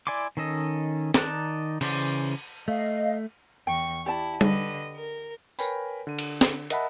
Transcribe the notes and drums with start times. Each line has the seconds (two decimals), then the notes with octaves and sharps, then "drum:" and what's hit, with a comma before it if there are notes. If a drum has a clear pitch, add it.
0.07 E4 D5 G#5 C6 D6
0.37 D#3 C#4 A4 D#5
1.14 D#3 D#4 D5 A5 F#6, drum: snare
1.81 C#3 E3 C5 D5, drum: cymbal
2.68 A3 D#5 F5
3.67 E2 G5 C#6
4.06 E4 G4 D5 A5
4.41 D3 B4 D#5, drum: tom G3
4.96 A#4
5.59 A#4 B4 C#5 G5 G#5 B5, drum: tambourine
6.07 D3 D#7
6.19 drum: cymbal
6.41 drum: snare
6.70 A#4 D#5 E5 F#5 A5 B5, drum: hi-hat